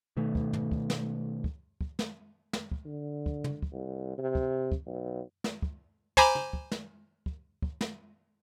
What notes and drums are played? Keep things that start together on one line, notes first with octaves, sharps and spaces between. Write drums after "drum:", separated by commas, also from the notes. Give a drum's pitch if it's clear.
B2 D#3 A3
drum: kick
drum: tom
drum: kick
drum: snare
drum: kick
drum: kick
drum: snare
drum: snare
drum: kick
D3
drum: kick
drum: tom
drum: kick
C2
C3
drum: kick
drum: kick
B1
drum: snare
drum: kick
C5 G#5 A#5 B5 D6, drum: kick
drum: tom
drum: kick
drum: snare
drum: kick
drum: kick
drum: snare